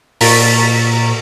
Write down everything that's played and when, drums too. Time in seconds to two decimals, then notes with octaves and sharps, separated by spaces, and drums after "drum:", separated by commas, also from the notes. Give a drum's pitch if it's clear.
0.21 A#2 A#5 C#6 A6 B6, drum: open hi-hat